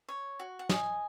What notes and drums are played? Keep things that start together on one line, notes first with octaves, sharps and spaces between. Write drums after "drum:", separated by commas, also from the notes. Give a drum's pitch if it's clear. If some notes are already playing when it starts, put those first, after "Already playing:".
C#5
F#4
F#5
D#5 G#5, drum: snare